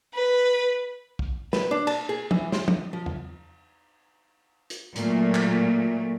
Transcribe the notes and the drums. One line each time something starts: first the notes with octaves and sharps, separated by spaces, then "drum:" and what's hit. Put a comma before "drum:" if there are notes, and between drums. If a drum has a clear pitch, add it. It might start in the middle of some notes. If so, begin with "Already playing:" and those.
B4
drum: kick
B4, drum: snare
D4
A5, drum: cymbal
G#4
E3, drum: tom F3
C6, drum: snare
D#5, drum: tom F3
F3
drum: tom E2
drum: hi-hat
A#2 F#3 A3 A#3, drum: hi-hat
drum: clap